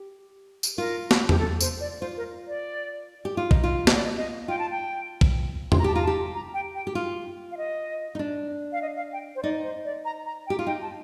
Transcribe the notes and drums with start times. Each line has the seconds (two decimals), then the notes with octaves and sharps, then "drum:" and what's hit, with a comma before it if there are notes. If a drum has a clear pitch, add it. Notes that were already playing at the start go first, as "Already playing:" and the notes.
Already playing: G4
0.63 drum: tambourine
0.77 F4 A#4
1.11 drum: snare
1.29 G4, drum: tom E2
1.39 A4
1.60 C5, drum: tambourine
1.80 D5
2.01 F4 C5
2.17 A#4
2.47 D5
3.25 G4
3.37 F4
3.51 D#4, drum: kick
3.64 F4
3.87 D#5, drum: snare
3.96 D5
4.05 D#5
4.17 D#5
4.48 F4 G5
4.59 A5
4.70 G5
5.21 drum: kick
5.72 C6, drum: tom E2
5.79 A#5
5.84 G4 A5
5.94 F4 A#5
6.02 A5
6.07 G4
6.35 A#5
6.54 G5
6.75 G5
6.87 G4
6.95 F4
7.52 F5
7.57 D#5
8.15 D#4
8.19 D4
8.72 F5
8.82 D#5
8.96 F5
9.13 G5
9.36 C5
9.43 D#4 D5
9.63 C5
9.85 D5
10.05 A#5
10.26 A#5
10.47 G5
10.50 G4
10.59 F4
10.67 D#4 G5
10.82 A5